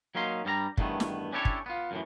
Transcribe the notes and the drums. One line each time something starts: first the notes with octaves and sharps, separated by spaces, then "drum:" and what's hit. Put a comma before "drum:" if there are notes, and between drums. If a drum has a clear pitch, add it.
F#3 A#3 C#4 D#4 C6
G2 G3 A4 A#5
E2 G2 D#3 A3 B3, drum: kick
drum: snare
C#4 D4 E4 G4 A4 C#5
drum: kick
B3 F4
F#2 A2 E3